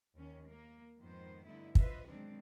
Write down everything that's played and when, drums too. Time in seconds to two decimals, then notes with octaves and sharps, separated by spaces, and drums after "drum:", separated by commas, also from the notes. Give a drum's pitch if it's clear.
0.16 D#2 D#3 C#4
0.48 A#3
0.99 F2 G#2 D#3 B3 C5
1.45 G2 D3 A3 B3 D#4 E4
1.75 F4 B4 C5 D#5 E5, drum: kick
2.04 B2 D#3 F#3 G#3 C4 D4